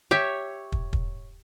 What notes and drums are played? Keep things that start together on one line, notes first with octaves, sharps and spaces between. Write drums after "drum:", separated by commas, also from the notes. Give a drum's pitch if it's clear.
G4 C#5 E5
drum: kick
drum: kick